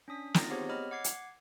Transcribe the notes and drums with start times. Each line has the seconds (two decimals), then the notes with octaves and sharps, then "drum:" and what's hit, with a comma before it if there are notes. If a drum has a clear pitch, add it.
0.08 C#4 D4 D#6 B6
0.34 C4 D#4 F4 A6 A#6, drum: snare
0.50 B3 C4 G4 G#4 C5 C#5
0.69 C#5 D#5 B5 F6
0.91 F#5 D6 G#6 C7
1.04 drum: hi-hat